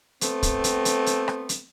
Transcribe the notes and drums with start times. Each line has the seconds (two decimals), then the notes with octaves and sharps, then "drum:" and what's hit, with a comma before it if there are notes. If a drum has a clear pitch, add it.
0.21 A3 B3 C4, drum: hi-hat
0.43 drum: kick, hi-hat
0.64 drum: hi-hat
0.85 drum: hi-hat
1.06 drum: hi-hat
1.28 drum: rim click
1.49 drum: hi-hat